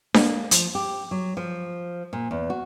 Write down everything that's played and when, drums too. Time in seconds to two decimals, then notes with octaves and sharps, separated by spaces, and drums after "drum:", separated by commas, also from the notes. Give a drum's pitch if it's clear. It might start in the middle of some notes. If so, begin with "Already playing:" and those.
0.14 A#3, drum: snare D4
0.51 F3, drum: hi-hat
0.75 G4
1.11 F#3
1.37 F3
2.13 A#2
2.31 E2
2.50 F#4